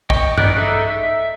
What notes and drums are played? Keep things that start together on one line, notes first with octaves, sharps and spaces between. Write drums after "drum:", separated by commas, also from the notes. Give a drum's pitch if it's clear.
D#5 G5 C#6, drum: kick A#1
B3 C#4 D#4 D5 F#6, drum: tom G2
G#3 D#4 A4 E5
E5